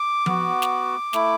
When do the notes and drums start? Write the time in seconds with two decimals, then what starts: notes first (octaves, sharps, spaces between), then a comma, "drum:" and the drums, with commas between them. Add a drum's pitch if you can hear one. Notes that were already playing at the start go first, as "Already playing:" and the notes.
Already playing: D6
0.26 B3 F#4, drum: tom F3
0.62 drum: snare
1.13 A3 E4, drum: snare